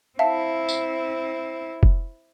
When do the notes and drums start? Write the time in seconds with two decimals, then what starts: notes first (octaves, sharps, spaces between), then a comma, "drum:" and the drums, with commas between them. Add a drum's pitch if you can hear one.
0.19 C4 E4 E5 F5 A5
0.69 drum: tambourine
1.83 drum: kick F1